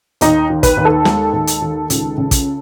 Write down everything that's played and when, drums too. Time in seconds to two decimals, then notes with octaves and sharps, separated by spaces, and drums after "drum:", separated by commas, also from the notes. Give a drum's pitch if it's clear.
0.21 D#2 D#4, drum: hi-hat
0.50 D#3
0.63 B4, drum: kick, hi-hat
0.77 D#2
0.85 A4
1.05 G#3, drum: snare
1.33 D#2
1.47 drum: hi-hat
1.62 D#3
1.90 C#2, drum: hi-hat
2.18 C#3
2.31 drum: kick, hi-hat